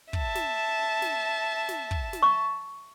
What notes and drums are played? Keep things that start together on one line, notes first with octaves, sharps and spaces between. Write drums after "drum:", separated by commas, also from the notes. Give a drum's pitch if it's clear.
E5 A5, drum: kick
drum: snare
drum: snare
drum: snare
drum: kick
drum: snare
C#6